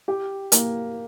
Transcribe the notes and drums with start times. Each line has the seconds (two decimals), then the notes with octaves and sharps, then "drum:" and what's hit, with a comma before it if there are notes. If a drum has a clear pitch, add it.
0.08 G4
0.52 A#3, drum: hi-hat